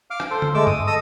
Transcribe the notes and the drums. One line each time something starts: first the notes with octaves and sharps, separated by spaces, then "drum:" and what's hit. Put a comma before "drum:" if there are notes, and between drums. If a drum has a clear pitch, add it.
F5 D6 F6
drum: rim click
A4 C5
drum: tom D3
G#3 A3 D6 E6
D#6, drum: tom G2
A4 D#5 D#6 E6